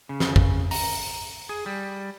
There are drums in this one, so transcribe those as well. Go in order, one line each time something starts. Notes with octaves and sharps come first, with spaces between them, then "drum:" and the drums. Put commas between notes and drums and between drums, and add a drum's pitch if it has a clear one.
C#3
drum: snare
drum: kick
A#5, drum: open hi-hat
G#4
G3